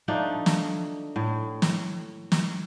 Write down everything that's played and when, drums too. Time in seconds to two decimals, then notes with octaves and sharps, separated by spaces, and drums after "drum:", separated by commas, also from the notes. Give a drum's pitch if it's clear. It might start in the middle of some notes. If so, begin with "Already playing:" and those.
0.08 F3 A3 D4 D#4
0.46 drum: snare
1.16 A2
1.62 drum: snare
2.32 drum: snare